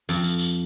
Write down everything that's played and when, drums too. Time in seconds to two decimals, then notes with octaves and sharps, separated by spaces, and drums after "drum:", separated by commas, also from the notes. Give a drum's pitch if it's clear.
0.09 F2, drum: tambourine
0.24 drum: tambourine
0.39 drum: tambourine